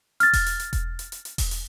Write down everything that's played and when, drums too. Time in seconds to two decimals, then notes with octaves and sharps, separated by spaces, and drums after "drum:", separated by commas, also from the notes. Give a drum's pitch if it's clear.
0.20 F6 A6, drum: hi-hat
0.33 drum: kick E1, open hi-hat
0.46 drum: hi-hat
0.60 drum: hi-hat
0.73 drum: kick E1, hi-hat
0.99 drum: hi-hat
1.12 drum: hi-hat
1.25 drum: hi-hat
1.38 drum: kick E1, open hi-hat
1.51 drum: hi-hat